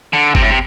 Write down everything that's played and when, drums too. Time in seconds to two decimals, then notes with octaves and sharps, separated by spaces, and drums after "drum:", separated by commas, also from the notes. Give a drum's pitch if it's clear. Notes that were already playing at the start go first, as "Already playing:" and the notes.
0.13 D3
0.35 C3, drum: kick G1
0.42 A2
0.50 C3